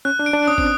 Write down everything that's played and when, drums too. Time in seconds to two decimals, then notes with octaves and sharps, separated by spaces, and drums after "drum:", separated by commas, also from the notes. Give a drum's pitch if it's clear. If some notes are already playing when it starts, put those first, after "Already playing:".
0.05 C#4 F#6
0.19 D4
0.26 D7
0.33 D4
0.47 C#4 D#6
0.58 C4, drum: kick